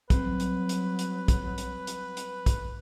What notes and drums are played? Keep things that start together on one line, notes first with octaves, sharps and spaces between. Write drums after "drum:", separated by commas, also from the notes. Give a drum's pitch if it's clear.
F#3 G3 C4 B4, drum: kick, hi-hat
drum: hi-hat
drum: hi-hat
drum: hi-hat
drum: kick, hi-hat
drum: hi-hat
drum: hi-hat
drum: hi-hat
drum: kick, hi-hat